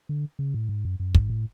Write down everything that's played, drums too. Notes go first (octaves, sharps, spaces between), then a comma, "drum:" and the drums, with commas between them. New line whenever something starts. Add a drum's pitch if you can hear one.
D3
C#3
A2
G#2
F#2
F#2
G#2, drum: kick
A2